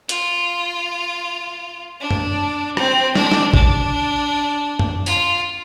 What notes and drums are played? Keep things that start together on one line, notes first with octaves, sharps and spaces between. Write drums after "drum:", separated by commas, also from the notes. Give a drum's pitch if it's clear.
F4, drum: hi-hat
D4
drum: tom F#2
C4, drum: rim click
D4, drum: snare
drum: snare
D4, drum: kick
drum: tom F#2
F4, drum: tambourine